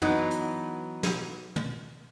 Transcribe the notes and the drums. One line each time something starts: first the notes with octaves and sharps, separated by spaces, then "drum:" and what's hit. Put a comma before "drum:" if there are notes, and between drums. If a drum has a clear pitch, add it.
E3 F#3 B3 D#4, drum: tom
drum: hi-hat
drum: snare
drum: tom